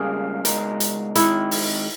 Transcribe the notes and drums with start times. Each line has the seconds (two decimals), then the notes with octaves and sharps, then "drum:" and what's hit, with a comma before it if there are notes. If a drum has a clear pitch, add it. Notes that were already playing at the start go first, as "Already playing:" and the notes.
Already playing: C#2 C#3 G3 A#3 G#4
0.45 C#2 B2 G#3 D#4 A#4, drum: hi-hat
0.80 drum: hi-hat
1.15 D#3 G#3 D#4 E4, drum: hi-hat
1.51 drum: open hi-hat